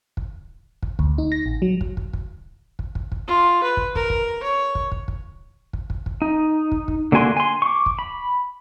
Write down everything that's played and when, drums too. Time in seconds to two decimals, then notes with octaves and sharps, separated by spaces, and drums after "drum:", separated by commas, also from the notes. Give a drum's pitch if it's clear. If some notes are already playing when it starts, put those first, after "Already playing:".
0.17 drum: kick
0.83 drum: kick
0.99 D2, drum: kick
1.18 D#4
1.32 A#6
1.46 A1
1.62 F#3
1.81 drum: kick
1.97 drum: kick
2.13 drum: kick
2.79 drum: kick
2.95 drum: kick
3.12 drum: kick
3.27 F4
3.63 B4
3.77 drum: kick
3.95 A#4, drum: kick
4.10 drum: kick
4.43 C#5
4.75 drum: kick
4.92 drum: kick
5.08 drum: kick
5.73 drum: kick
5.90 drum: kick
6.06 drum: kick
6.22 D#4
6.72 drum: kick
6.88 drum: kick
7.12 D3 A#3 F#4 G#5 C6
7.37 G#5 C6
7.62 C#6 D6
7.86 drum: kick
7.99 B5